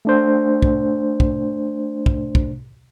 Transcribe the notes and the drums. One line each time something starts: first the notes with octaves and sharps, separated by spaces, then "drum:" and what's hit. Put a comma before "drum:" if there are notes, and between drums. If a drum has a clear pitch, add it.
A3 D4 C5
drum: kick
drum: kick
drum: kick
drum: kick